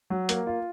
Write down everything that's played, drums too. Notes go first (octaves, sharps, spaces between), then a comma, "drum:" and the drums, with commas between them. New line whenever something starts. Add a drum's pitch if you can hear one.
F#3
A#3, drum: hi-hat
F4